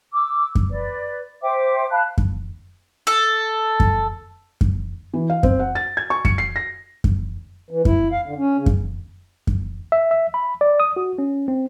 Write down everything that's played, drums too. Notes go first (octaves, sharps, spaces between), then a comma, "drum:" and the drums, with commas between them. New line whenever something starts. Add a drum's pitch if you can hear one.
D6 E6
drum: kick F#2
B4 D5
C5 E5 G5 D6
F5 A5 B5 F#6
drum: kick F#2
A4
drum: kick F#2
drum: kick F#2
E3
F5
C4, drum: kick F#2
F#5
A6
G#6
C#6
C#7, drum: kick F#2
C7
A#6
drum: kick F#2
E3
E4, drum: kick F#2
F5
D3
C#4
C#3
drum: kick F#2
drum: kick F#2
E5
E5
B5
D5
D#6
F#4
C#4
C4